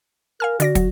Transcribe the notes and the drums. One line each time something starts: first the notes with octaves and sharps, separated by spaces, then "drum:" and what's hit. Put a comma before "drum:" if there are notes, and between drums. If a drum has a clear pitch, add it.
A#4 F5 G#5 F6
D3 F#4 D5 A#6, drum: hi-hat
F#3, drum: kick, hi-hat